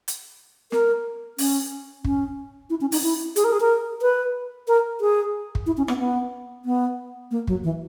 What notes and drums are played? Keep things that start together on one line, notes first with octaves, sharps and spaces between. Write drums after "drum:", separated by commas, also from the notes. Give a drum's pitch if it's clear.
drum: hi-hat
A#4, drum: snare
C#4, drum: open hi-hat
C#4, drum: kick G1
E4
C#4
D#4, drum: open hi-hat
E4
G#4, drum: hi-hat
A#4
G#4
A#4
B4
A#4
G#4
drum: kick G1
E4
C#4
B3, drum: rim click
B3
B3
A#3
F#3, drum: kick G1
E3